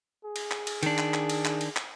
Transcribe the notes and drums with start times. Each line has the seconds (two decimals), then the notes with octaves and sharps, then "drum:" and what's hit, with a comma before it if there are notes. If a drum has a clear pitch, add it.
0.25 G#4
0.36 drum: cymbal
0.51 drum: clap
0.67 drum: cymbal
0.83 D#3 D4, drum: cymbal
0.98 drum: clap
1.14 drum: clap
1.30 drum: cymbal
1.45 drum: clap
1.61 drum: cymbal
1.76 drum: clap